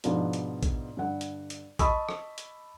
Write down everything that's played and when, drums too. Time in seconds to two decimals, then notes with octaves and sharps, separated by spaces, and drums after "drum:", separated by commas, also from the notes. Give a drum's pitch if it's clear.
0.04 G#2 B2 F3 B3 D4 F4, drum: hi-hat
0.33 drum: hi-hat
0.63 drum: kick A#1, hi-hat
0.97 G2 D3 F#5
1.21 drum: hi-hat
1.50 drum: hi-hat
1.79 D#5 A5 B5 C#6 D#6 E6, drum: kick A#1, hi-hat
2.09 drum: rim click
2.38 drum: hi-hat